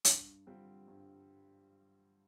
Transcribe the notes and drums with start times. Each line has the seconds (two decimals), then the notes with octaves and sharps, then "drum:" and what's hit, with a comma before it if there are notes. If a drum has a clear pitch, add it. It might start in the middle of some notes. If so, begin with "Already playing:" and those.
0.05 G2, drum: hi-hat
0.46 D3 G3 C4 F4
0.88 G2